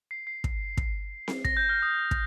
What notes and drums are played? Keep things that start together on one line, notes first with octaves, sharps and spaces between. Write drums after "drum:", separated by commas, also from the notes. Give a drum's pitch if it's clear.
C7
C7
drum: kick
drum: kick
drum: snare C4
A#6, drum: kick
G6
F6
D#6
drum: kick